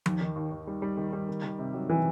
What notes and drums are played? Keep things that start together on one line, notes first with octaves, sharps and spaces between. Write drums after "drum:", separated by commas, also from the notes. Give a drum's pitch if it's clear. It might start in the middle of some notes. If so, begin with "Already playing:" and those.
D#2, drum: tom F3
D#3
D#2
D#2
G3
G3
D#3
G3
D#3
D#3
C3
F#3
C3 E3